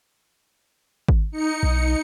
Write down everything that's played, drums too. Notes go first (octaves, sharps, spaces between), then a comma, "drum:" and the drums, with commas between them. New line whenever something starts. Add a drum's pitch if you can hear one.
drum: kick G#1
D#4 C#7
B1